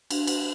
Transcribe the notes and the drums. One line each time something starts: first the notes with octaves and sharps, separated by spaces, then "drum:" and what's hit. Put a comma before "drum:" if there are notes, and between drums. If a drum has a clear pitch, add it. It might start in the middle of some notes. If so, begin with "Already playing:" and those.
D4, drum: cymbal
drum: cymbal